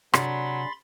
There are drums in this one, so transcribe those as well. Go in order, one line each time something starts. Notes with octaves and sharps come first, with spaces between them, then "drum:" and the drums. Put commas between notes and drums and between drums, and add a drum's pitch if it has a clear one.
C3 F#3 D4 G#4 D5 B5 C6 A6, drum: rim click